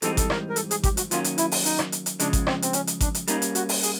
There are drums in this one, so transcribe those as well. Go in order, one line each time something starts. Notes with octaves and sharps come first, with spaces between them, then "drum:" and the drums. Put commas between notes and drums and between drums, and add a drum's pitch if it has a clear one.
G#2 E3 G3 C4 D#4 A4, drum: hi-hat
A4, drum: kick G#1, hi-hat
A#4, drum: rim click
A#4
A4, drum: hi-hat
G#4, drum: hi-hat
G4, drum: kick G#1, hi-hat
F#4, drum: hi-hat
D#3 F#3 A#3 C#4 F4, drum: hi-hat
drum: hi-hat
E4, drum: hi-hat
drum: open hi-hat
D#4, drum: hi-hat
drum: rim click
drum: hi-hat
drum: hi-hat
C#3 F3 G#3 D4, drum: hi-hat
drum: kick G#1, hi-hat
C4, drum: rim click
C4, drum: hi-hat
C#4, drum: hi-hat
drum: hi-hat
D4, drum: kick G#1, hi-hat
drum: hi-hat
G3 A#3 C#4 D#4, drum: hi-hat
drum: hi-hat
F#4, drum: hi-hat
drum: open hi-hat
G#4, drum: hi-hat